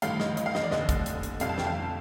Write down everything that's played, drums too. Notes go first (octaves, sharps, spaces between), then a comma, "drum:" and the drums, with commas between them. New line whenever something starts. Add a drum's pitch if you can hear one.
A1 G2 D#3 A3 F5, drum: hi-hat
D#5, drum: snare
D#5, drum: hi-hat
F5
D#5, drum: snare
D5
F1 D#2 D3 A3 D#5, drum: snare
drum: kick, hi-hat
drum: hi-hat
drum: hi-hat
F1 F2 C3 G3 F5, drum: hi-hat
A5
G5, drum: snare
F5